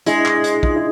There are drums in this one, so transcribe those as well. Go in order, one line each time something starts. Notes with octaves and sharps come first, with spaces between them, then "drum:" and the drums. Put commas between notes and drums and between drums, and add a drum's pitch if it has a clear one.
G#3 D4 E4, drum: hi-hat
drum: clap
drum: hi-hat
D#4 F4, drum: kick
D4 E4